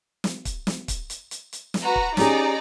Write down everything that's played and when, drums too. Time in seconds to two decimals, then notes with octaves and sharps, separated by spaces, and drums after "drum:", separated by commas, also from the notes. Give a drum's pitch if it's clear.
0.24 drum: snare
0.45 drum: kick, hi-hat
0.67 drum: snare
0.88 drum: kick, hi-hat
1.10 drum: hi-hat
1.31 drum: hi-hat
1.53 drum: hi-hat
1.74 drum: snare
1.83 F#4 B4 A#5
1.95 drum: kick
2.17 C#4 D#4 G4 G#4 D5 A#5, drum: snare